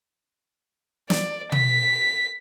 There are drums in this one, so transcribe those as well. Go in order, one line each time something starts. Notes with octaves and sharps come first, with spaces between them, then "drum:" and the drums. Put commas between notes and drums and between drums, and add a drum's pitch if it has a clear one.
D5, drum: snare
B6, drum: tom